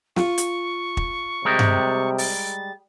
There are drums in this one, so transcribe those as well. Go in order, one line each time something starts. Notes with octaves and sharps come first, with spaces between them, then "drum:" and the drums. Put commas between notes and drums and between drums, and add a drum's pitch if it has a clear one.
F4 C#6, drum: snare
drum: hi-hat
drum: kick
C3 G3 G#3 A#4
drum: tom G2
A6, drum: open hi-hat